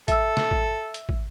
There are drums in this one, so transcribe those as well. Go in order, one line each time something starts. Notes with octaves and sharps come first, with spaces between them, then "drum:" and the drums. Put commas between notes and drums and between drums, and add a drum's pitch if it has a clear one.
A4 E5 E6, drum: kick, hi-hat
drum: snare
drum: kick
drum: hi-hat
drum: kick